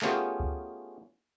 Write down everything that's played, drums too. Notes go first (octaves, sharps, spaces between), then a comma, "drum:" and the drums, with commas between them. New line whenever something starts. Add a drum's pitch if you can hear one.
A3 B3 C#4 F4 G4 G#4, drum: clap
drum: kick C#2